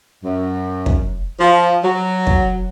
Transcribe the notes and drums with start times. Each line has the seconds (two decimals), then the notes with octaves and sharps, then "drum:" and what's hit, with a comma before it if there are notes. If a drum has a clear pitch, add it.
0.23 F#2
0.86 drum: kick
1.39 F3
1.83 F#3
2.27 drum: kick